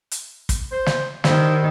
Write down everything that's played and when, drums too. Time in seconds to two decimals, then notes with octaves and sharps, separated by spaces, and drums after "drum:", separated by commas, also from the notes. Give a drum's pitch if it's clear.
0.11 drum: hi-hat
0.49 drum: kick, hi-hat
0.72 C5
0.86 drum: snare
1.24 D#3 G3 E4 C5, drum: snare